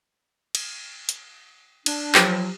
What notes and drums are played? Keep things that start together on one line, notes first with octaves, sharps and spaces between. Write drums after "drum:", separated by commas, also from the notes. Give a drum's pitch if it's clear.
drum: cymbal
drum: hi-hat
D4, drum: cymbal
F3 F#3 G4, drum: clap